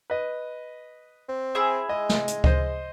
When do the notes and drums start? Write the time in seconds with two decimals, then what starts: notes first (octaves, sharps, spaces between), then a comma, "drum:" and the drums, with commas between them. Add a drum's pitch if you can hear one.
0.10 B4 D#5
1.29 C4
1.55 E4 G#4 E5
1.89 G#3 D#5
2.09 drum: snare
2.28 drum: hi-hat
2.44 C5 D#5, drum: kick C#2